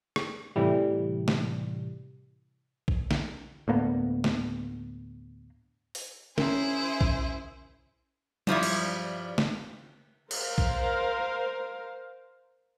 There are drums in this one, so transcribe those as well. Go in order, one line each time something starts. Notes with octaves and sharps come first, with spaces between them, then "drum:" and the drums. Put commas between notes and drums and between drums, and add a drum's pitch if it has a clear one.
drum: rim click
A2 C3 E3 G3
drum: snare
drum: kick A#1
drum: snare
D2 A2 A#3 B3
drum: snare
drum: open hi-hat
C#4 E4 G#4 A#4 C5, drum: snare
drum: kick A#1
G2 F3 G3 E4, drum: tom F#3
drum: cymbal
drum: snare
A#4 C5 F5, drum: cymbal
drum: kick A#1